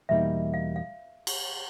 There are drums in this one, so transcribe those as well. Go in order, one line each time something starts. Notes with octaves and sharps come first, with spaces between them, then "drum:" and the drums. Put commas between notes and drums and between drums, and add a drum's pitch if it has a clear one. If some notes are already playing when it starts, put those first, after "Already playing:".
E2 B2 G3 A#3 D#4 E5
F5
F5
drum: cymbal